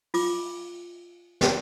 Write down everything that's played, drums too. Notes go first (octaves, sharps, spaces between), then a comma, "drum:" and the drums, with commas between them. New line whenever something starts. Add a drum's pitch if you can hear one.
F4 D6, drum: open hi-hat
drum: snare